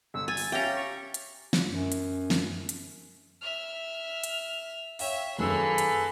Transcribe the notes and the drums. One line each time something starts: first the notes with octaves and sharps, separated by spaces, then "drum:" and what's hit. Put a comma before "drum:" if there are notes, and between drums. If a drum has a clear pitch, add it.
G1 E6
G#5 A6
drum: open hi-hat
C#4 G4 E5 F5 G5 A#5 C#7
C#6
drum: hi-hat
drum: snare
F#2
drum: hi-hat
drum: snare
drum: hi-hat
E5 F6
drum: hi-hat
C#5 E5 F5 G5 E6, drum: open hi-hat
F#2 D#3 A#3 G#4 A4 B4 C6
drum: hi-hat